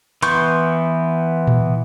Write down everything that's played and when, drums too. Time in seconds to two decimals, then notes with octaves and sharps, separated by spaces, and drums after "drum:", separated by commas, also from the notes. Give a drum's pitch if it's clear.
0.23 E3 B3 C6 C#6 G6, drum: hi-hat
1.47 drum: tom A#2